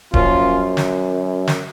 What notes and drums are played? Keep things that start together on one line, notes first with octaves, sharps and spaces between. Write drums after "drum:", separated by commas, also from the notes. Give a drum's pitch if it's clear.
F#2 F3 A#3 C#4 F4, drum: kick D1
drum: snare
drum: snare